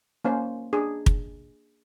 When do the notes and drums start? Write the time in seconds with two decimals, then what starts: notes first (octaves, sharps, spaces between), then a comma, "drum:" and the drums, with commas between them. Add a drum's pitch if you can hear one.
0.24 A#3 C#4 C5
0.73 D4 G#4
1.06 drum: kick